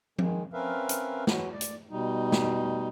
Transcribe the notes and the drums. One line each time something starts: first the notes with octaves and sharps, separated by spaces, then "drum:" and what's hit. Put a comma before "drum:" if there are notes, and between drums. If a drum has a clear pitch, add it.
D#3 G#3, drum: tom F3
C4 C#4 A#4 B4 E5 F5
drum: hi-hat
E3 F#3 F#4, drum: snare
D5
drum: hi-hat
B2 G3 D#4
drum: snare